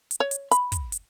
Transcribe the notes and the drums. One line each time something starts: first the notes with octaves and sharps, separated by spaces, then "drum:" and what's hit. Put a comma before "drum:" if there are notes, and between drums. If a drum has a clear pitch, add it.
drum: hi-hat
C#5
drum: hi-hat
B5, drum: hi-hat
drum: kick, hi-hat
drum: hi-hat